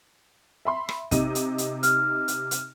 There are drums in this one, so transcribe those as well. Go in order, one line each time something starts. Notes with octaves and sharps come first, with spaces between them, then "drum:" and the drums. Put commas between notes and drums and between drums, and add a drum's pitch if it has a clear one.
E5 B5 C6
drum: rim click
C3 D#4 D#7, drum: kick, hi-hat
drum: hi-hat
drum: hi-hat
F6, drum: hi-hat
drum: hi-hat
drum: hi-hat